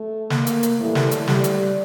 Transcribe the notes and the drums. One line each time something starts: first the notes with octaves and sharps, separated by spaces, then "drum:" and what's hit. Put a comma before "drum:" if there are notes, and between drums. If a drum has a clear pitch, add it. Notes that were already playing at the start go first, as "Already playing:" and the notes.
Already playing: A3
A#3, drum: snare
drum: hi-hat
drum: hi-hat
A2 E3 G3 A3
drum: snare
drum: hi-hat
G3, drum: snare
drum: hi-hat